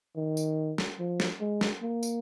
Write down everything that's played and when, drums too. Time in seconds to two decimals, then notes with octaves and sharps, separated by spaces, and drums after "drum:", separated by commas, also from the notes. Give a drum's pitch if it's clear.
0.16 D#3
0.37 drum: tambourine
0.78 drum: snare
0.99 F3
1.20 drum: snare
1.41 G#3
1.61 drum: snare
1.82 A#3
2.03 drum: tambourine